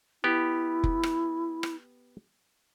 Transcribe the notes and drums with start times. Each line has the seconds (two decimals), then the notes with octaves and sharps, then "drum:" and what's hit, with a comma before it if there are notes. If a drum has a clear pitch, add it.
0.24 B3 E4 G4
0.84 drum: kick F1
1.03 drum: rim click
1.63 drum: rim click